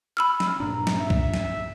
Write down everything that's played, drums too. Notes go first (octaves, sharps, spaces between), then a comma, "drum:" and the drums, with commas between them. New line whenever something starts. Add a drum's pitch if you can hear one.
B5 E6 F6
drum: snare
G2 A#2 D4 A#5
drum: snare
E5
drum: kick
drum: snare